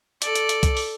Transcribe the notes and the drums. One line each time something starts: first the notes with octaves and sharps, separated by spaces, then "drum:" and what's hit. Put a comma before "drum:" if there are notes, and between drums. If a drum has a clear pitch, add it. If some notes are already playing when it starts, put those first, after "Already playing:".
A4 D5, drum: hi-hat
drum: hi-hat
drum: hi-hat
drum: kick, hi-hat
drum: open hi-hat